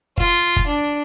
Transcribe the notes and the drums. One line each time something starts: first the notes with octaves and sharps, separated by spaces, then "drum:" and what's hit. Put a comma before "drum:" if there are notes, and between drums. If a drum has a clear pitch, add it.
F4, drum: kick
drum: kick
D4